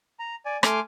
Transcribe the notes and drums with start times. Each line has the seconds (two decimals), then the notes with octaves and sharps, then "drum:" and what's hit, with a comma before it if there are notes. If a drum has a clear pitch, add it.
0.19 A#5
0.45 D5 G#5
0.63 A3 G#5 C6 D6 F6, drum: rim click